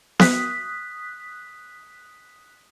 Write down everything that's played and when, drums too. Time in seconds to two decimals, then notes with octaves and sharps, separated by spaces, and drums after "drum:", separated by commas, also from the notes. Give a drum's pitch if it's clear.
0.20 D#6 F#6 B6, drum: snare B3